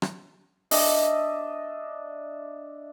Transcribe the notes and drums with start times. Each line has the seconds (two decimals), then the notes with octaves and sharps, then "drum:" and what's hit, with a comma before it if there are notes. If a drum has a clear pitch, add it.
0.02 drum: rim click
0.71 D4 D#5 E5, drum: open hi-hat